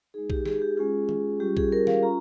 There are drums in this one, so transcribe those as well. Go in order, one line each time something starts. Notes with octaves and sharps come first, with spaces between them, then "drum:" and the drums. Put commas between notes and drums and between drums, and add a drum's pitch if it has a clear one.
G#3 D#4 G#4
G4, drum: kick A#1
G#4, drum: snare
G4
G#3 C#4 F4 G#4
drum: tom D#3
G3 C#4 F4 G4
G#4, drum: kick A#1
A#4
F5, drum: snare
C#4 F4 A#5